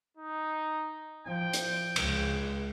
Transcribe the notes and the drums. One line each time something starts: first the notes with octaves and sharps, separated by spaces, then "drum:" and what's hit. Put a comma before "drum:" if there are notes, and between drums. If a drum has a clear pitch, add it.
D#4
F3 G5
drum: hi-hat
C#2, drum: cymbal